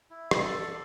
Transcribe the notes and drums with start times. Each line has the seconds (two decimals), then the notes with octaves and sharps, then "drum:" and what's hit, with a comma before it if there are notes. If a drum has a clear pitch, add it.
0.10 E4
0.31 drum: rim click
0.42 A4 D5